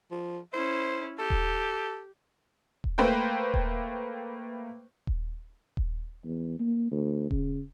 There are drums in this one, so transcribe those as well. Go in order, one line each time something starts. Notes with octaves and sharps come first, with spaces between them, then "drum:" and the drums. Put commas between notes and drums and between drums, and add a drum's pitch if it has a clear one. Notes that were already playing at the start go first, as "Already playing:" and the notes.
F3
C#4 E4 C5
G4 A4
drum: kick D#1
drum: kick D#1
A3 A#3 B4 C5 G5
drum: kick D#1
drum: kick D#1
drum: kick D#1
E2
A#3
D2
C#3, drum: kick D#1